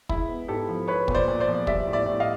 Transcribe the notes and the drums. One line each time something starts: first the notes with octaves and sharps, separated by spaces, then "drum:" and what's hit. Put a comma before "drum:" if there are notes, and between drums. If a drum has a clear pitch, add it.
G#3 E4, drum: kick
B3
G#2 G4 A4
F3
G#3 B4 C#5
A#2, drum: kick
C5 D5
A#2
C5 D5
F3
G3 D5 E5, drum: kick
A2
D5 E5
A2
D#5 F5